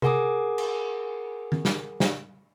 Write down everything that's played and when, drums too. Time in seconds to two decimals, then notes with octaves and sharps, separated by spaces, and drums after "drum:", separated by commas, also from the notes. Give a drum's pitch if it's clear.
0.02 G#4 A#4 F#5 G#5 D6 D#6, drum: tom C3
0.58 drum: cymbal
1.52 drum: tom
1.65 drum: snare
2.00 drum: snare